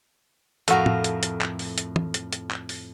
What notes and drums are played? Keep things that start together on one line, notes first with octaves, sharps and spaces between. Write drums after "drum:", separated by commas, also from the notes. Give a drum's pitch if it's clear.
F2 A2 A3 F#4 A#4, drum: hi-hat
drum: tom
drum: hi-hat
drum: hi-hat
drum: clap
drum: open hi-hat
drum: hi-hat
drum: tom
drum: hi-hat
drum: hi-hat
drum: clap
drum: open hi-hat